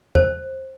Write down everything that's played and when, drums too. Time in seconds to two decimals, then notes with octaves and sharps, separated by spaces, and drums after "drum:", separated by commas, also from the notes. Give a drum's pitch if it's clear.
0.15 C5, drum: tom E2